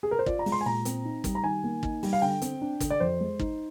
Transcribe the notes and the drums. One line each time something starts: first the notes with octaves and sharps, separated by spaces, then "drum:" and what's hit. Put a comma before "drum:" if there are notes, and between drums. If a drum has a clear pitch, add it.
G#4
A#4
C5
F4 D5, drum: kick
A#5
G#3, drum: open hi-hat
C6
G#5
A#2 A#5
C4, drum: hi-hat
D#4
G3, drum: kick, hi-hat
A#5
D#3 G#5
A#3
D#4, drum: kick
G3, drum: open hi-hat
F5
D3 G5
C4, drum: hi-hat
D4
D3, drum: kick, hi-hat
D5
F2 C5
G#3
D#4, drum: kick